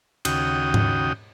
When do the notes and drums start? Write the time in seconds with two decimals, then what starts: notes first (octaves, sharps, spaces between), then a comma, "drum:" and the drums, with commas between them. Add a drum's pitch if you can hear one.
0.25 D#2 C#3 F#4 G5 D#6, drum: cymbal
0.74 drum: tom G#2